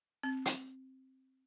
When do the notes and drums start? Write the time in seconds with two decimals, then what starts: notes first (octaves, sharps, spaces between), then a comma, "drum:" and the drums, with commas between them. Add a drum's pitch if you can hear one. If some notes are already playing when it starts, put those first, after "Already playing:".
0.23 C4
0.45 drum: hi-hat